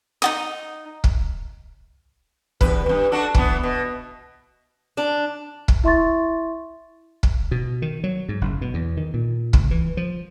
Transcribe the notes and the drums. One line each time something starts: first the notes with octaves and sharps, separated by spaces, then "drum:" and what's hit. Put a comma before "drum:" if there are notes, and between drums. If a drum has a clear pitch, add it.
D#4 F#4 D#6
drum: kick
E2 G2 B4, drum: kick
E2 G2
D4 F#4 A4
E3 B3, drum: kick
B2
D4
drum: kick
E4 E5 C6 C#6 A6
drum: kick
B2
D#3
F#3
G#2
F#1
B2
E2
D#3
A#2
C#2, drum: kick
E3
F3